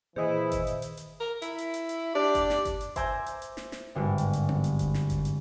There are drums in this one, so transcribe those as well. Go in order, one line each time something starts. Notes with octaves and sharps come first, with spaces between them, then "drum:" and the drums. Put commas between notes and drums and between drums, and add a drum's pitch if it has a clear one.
A#2 D#3 E3 E4 G#4 C5 D#5 D#6
drum: kick G1, hi-hat
drum: hi-hat
drum: hi-hat
drum: hi-hat
A#4
E4, drum: hi-hat
drum: hi-hat
drum: hi-hat
drum: hi-hat
D4 G4 D5 D6
drum: kick G1, hi-hat
drum: snare
drum: kick G1, hi-hat
drum: hi-hat
C5 E5 G#5 A#5 D6 G6, drum: kick G1, hi-hat
drum: hi-hat
drum: hi-hat
drum: snare
drum: snare
G#1 G2 D3
drum: hi-hat
drum: hi-hat
drum: tom B3
drum: hi-hat
drum: kick G1, hi-hat
drum: snare
drum: kick G1, hi-hat
drum: hi-hat